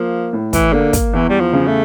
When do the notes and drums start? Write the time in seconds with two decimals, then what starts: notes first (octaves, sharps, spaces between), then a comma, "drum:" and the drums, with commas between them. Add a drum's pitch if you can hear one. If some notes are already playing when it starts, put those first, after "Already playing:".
Already playing: F3 A#3
0.33 A2
0.53 E3, drum: kick, hi-hat
0.73 D3 A#3
0.93 drum: kick, hi-hat
1.13 E2 E3
1.29 G3
1.40 F3
1.53 C#3
1.67 A3